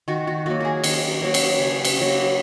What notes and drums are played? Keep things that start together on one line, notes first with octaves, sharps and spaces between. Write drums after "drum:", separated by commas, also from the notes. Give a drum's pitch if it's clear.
D#3 F#4
F#4
F#3 A#3 F#4
G#4 A#4
D#3, drum: cymbal
F#3 A#3
drum: cymbal
C#3
drum: cymbal
F#3 A#3